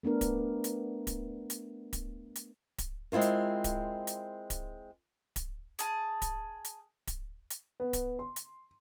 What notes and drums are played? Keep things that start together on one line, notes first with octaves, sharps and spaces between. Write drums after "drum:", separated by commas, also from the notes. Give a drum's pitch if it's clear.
A3 B3 D4 A#4
drum: kick D1, hi-hat
drum: hi-hat
drum: kick D1, hi-hat
drum: hi-hat
drum: kick D1, hi-hat
drum: hi-hat
drum: kick D1, hi-hat
G#3 C4 E4 F4 A#4
drum: hi-hat
drum: kick D1, hi-hat
drum: hi-hat
drum: kick D1, hi-hat
drum: kick D1, hi-hat
G#4 A5, drum: hi-hat
drum: kick D1, hi-hat
drum: hi-hat
drum: kick D1, hi-hat
drum: hi-hat
B3
drum: kick D1, hi-hat
C6
drum: hi-hat